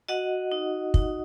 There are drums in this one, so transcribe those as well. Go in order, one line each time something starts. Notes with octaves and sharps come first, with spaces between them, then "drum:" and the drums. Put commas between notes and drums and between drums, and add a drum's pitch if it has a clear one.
F#4 D#5 F#5
D#4
D#4, drum: kick